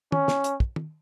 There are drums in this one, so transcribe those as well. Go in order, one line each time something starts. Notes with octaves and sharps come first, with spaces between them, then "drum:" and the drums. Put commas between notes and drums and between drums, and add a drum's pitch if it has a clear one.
C#4, drum: tom
drum: snare
drum: hi-hat
drum: kick
drum: tom